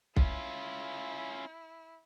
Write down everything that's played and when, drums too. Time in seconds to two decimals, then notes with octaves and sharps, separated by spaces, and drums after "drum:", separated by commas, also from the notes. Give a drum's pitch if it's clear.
0.16 C#4 E4 F4, drum: kick B1